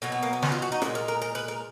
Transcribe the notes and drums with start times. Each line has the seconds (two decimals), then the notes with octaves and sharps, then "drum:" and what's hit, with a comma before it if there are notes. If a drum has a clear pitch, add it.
0.02 B2 F#3 B3
0.12 B3
0.23 A#3
0.33 B3
0.42 C#4, drum: snare
0.52 F4
0.62 F#4
0.72 D#4
0.82 A#2 G#3 F#4, drum: rim click
0.95 A#4
1.08 A#4
1.22 A#4
1.35 B4
1.48 A#4